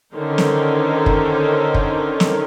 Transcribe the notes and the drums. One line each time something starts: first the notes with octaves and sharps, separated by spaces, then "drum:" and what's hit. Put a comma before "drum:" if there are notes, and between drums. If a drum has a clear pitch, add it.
D3 D#3 C#4 D#4 A#4 C5
drum: snare
drum: kick
drum: kick
drum: snare